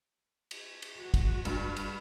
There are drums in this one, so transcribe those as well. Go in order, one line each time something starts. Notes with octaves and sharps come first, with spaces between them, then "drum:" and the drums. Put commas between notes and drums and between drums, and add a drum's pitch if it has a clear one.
drum: cymbal
drum: cymbal
F#4
drum: kick, cymbal
G2, drum: cymbal
drum: cymbal